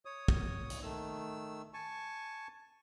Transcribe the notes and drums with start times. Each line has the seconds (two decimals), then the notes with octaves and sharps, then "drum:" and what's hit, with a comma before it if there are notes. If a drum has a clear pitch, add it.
0.05 C#5 D#6
0.28 drum: kick
0.70 drum: hi-hat
0.83 D#3 A3 E6
1.74 G#5 A5 C#6